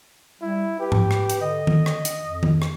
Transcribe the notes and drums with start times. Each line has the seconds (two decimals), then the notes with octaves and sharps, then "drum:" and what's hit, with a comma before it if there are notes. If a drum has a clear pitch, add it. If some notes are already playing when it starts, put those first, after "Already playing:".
0.42 G3 E4
0.80 G4 B4
0.92 drum: tom G#2
1.11 drum: rim click
1.30 drum: hi-hat
1.42 D3 D#5
1.67 drum: tom D#3
1.86 drum: rim click
2.05 drum: hi-hat
2.24 F2
2.43 drum: tom D#3
2.62 drum: rim click